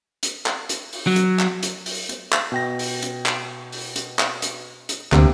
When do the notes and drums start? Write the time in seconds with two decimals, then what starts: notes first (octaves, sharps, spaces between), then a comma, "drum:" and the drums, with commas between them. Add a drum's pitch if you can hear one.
0.23 drum: hi-hat
0.46 drum: clap
0.69 drum: hi-hat
0.93 drum: open hi-hat
1.07 F#3
1.16 drum: hi-hat
1.39 drum: clap
1.63 drum: hi-hat
1.86 drum: open hi-hat
2.09 drum: hi-hat
2.33 drum: clap
2.52 B2 G5 A#6
2.79 drum: open hi-hat
3.03 drum: hi-hat
3.26 drum: clap
3.72 drum: open hi-hat
3.96 drum: hi-hat
4.19 drum: clap
4.42 drum: hi-hat
4.89 drum: hi-hat
5.12 D2 C3 A#3, drum: clap